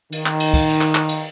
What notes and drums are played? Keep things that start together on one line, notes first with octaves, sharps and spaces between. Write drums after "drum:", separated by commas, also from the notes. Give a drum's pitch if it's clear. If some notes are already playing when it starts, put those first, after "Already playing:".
D#3, drum: cymbal
drum: clap
drum: cymbal
drum: kick, cymbal
drum: cymbal
drum: clap
drum: clap
drum: cymbal